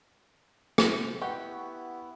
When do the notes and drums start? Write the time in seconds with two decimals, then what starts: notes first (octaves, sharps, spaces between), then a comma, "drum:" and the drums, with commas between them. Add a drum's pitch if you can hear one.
0.78 drum: rim click
1.22 B3 E4 G4 B4 F#5 C#6